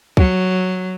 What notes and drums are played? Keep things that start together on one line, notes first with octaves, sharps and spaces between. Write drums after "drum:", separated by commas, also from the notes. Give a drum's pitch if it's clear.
F#3, drum: kick